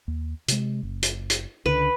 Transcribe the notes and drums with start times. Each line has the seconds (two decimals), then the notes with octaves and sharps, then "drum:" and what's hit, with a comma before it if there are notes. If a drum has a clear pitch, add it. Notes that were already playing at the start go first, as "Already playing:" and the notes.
0.08 D#2
0.48 C3 G#3, drum: hi-hat
0.83 F#1
1.03 drum: hi-hat
1.30 drum: hi-hat
1.66 C#2 D3 B4